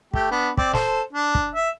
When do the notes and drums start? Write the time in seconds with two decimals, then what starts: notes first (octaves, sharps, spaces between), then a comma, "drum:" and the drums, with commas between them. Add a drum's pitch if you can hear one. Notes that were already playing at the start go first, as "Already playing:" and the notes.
0.14 A3 G4, drum: kick
0.31 B3 D4
0.57 C4 D5, drum: kick
0.73 A4 C5, drum: snare
1.13 D4
1.35 drum: kick
1.55 E5